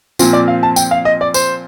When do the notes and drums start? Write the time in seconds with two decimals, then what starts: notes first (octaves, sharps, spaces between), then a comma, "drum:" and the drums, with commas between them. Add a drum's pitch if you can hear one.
0.19 A#2 F3 C4, drum: tambourine
0.33 D5
0.48 F5
0.63 A5
0.76 G5, drum: tambourine
0.91 F5
1.05 D#5
1.21 D5
1.34 C5, drum: tambourine